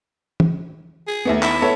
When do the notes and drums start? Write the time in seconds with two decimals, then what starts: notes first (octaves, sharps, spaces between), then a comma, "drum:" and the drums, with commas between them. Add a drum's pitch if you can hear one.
0.40 drum: tom
1.07 G#4
1.25 D#2 A3 B3
1.42 E4, drum: clap
1.62 B3 A4 C#5